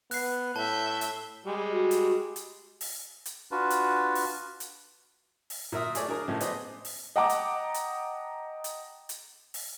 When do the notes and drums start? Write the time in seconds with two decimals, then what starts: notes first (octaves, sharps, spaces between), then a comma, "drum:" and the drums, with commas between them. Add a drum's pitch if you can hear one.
0.11 B3 F#6 C7, drum: open hi-hat
0.56 A2 E5 A5 G6
1.01 drum: hi-hat
1.45 G3 G#3
1.71 F#4
1.91 drum: hi-hat
2.36 drum: hi-hat
2.81 drum: open hi-hat
3.26 drum: hi-hat
3.51 D4 F4 F#4 B4
3.70 drum: hi-hat
4.15 drum: open hi-hat
4.60 drum: hi-hat
5.50 drum: open hi-hat
5.72 A#2 A#4 E5 D#6
5.95 A3 G#4 C#5 D5, drum: hi-hat
6.08 D4 G#4 A#4
6.28 A2 C#3 F3 G#3 A3
6.40 B3 G#4 C5 D5 D#5, drum: hi-hat
6.85 drum: open hi-hat
7.16 D#5 F#5 G5 A5 A#5 D6
7.29 drum: hi-hat
7.74 drum: hi-hat
8.64 drum: hi-hat
9.09 drum: hi-hat
9.54 drum: open hi-hat